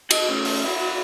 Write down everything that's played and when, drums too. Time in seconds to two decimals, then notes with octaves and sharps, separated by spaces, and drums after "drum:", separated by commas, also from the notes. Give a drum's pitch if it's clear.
0.11 F#4 D#5, drum: cymbal
0.29 A3 C#4
0.45 drum: open hi-hat
0.64 E4 F#4